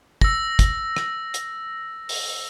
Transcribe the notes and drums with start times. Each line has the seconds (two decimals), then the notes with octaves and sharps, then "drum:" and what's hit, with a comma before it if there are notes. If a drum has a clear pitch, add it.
0.21 E6 A#6, drum: kick
0.59 drum: kick, hi-hat
0.97 drum: rim click
1.34 drum: hi-hat
2.09 drum: open hi-hat